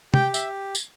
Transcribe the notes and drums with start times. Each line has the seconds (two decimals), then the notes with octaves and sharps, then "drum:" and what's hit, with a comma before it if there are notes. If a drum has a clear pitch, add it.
0.14 G4 G5, drum: tom
0.34 E5, drum: tambourine
0.75 drum: tambourine